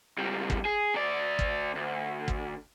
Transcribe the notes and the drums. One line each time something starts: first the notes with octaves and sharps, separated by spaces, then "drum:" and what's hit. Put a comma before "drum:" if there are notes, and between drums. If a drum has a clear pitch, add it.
C#2 G3
drum: kick
G#4
D2 D5
drum: kick
D2
drum: kick